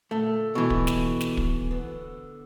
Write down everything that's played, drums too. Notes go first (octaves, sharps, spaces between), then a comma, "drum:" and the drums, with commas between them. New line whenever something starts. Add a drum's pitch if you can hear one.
A#2 D3 A3 A4
B2 E3
drum: kick
drum: snare
drum: snare
drum: kick
D3 B3